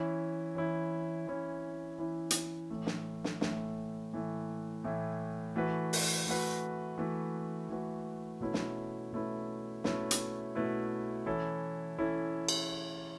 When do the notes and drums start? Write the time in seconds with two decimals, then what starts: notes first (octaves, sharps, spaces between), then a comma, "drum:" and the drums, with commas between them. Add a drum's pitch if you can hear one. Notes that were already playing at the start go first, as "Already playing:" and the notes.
Already playing: E3 C#4 E4
0.55 E3 C#4 E4
1.27 E3 C#4 E4
1.98 E3 C#4 E4
2.31 drum: hi-hat
2.70 A2 E3 A3
2.86 drum: snare
3.24 drum: snare
3.41 A2 E3 A3, drum: snare
4.13 A2 E3 A3
4.84 A2 E3 A3
5.56 E3 A3 F#4 B4
5.93 drum: open hi-hat
6.26 E3 A3 F#4 B4
6.98 E3 A3 F#4 B4
7.69 E3 A3 F#4 B4
8.40 B2 A3 C#4 E4 B4
8.54 drum: snare
9.12 B2 A3 C#4 E4 B4
9.84 B2 A3 C#4 E4 B4, drum: snare
10.11 drum: hi-hat
10.55 B2 A3 C#4 E4 B4
11.26 E3 C#4 E4 A4
11.98 E3 C#4 E4 A4
12.49 drum: cymbal